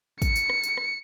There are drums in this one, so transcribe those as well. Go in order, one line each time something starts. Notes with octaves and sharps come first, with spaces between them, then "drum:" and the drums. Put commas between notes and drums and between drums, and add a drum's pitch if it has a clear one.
C#7, drum: kick, tambourine
drum: tambourine
drum: rim click
drum: tambourine
drum: rim click